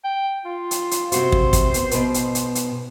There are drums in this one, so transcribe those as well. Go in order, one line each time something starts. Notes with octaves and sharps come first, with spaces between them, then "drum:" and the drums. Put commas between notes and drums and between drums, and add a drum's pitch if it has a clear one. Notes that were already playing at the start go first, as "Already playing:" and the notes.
G5
F4
drum: hi-hat
drum: hi-hat
C3 F#4 C5, drum: hi-hat
drum: kick
drum: kick, hi-hat
B3, drum: hi-hat
B2 B4, drum: hi-hat
drum: hi-hat
drum: hi-hat
drum: hi-hat